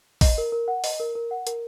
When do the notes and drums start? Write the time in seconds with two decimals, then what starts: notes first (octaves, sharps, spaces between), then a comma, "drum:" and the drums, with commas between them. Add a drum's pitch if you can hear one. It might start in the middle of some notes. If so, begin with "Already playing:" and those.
0.21 D#5, drum: kick, open hi-hat
0.38 A#4
0.52 A#4
0.68 F#5
0.84 D#5, drum: open hi-hat
1.00 A#4
1.15 A#4
1.31 F#5
1.47 A#4, drum: hi-hat